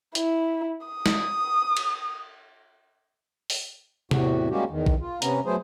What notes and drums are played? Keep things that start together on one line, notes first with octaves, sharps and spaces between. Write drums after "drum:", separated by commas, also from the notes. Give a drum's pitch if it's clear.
E4, drum: hi-hat
D#6
drum: snare
drum: cymbal
drum: open hi-hat
E2 A2 C3 F#4, drum: tom C3
G3 G#3 A#3 C#4 F#4 G4
E2 D#3
drum: kick
F4
C3 B3 C#4 A#5, drum: hi-hat
F#3 A3 B3 G#4 C5